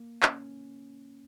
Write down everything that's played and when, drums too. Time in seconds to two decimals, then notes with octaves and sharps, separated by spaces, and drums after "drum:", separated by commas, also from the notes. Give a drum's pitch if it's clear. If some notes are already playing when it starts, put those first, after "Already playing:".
Already playing: A#3
0.23 C#4, drum: clap